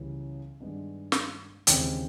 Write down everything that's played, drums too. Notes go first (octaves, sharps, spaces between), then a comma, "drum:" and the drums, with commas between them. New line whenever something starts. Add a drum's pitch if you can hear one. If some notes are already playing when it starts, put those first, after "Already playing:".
Already playing: C#2 C#3 E3 G3 B3
G2 D#3 G#3 B3 D4
drum: snare
D#2 C#3 E3 G#3 C4 G5, drum: hi-hat